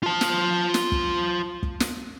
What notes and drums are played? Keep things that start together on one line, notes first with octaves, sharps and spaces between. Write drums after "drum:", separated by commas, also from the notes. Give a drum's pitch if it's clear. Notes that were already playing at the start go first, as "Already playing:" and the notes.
F4 A5
drum: snare
drum: snare
drum: kick
drum: kick
drum: snare